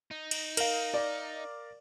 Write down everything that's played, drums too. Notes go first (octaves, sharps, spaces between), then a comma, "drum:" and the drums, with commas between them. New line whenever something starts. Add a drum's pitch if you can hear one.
D#4
drum: cymbal
A#4 F5, drum: cymbal
D5